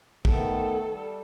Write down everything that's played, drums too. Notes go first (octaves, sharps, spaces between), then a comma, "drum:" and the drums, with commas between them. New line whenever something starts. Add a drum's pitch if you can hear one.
D#3 A3 B3 A4, drum: kick
G3